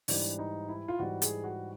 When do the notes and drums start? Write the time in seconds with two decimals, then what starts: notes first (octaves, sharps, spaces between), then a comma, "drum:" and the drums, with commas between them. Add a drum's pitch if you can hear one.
0.08 G#2 E3 G3 D4, drum: open hi-hat
0.39 D#4
0.69 E4
0.88 F4
0.99 G#2 E3 G3 F#4
1.22 G#4, drum: hi-hat
1.44 F#4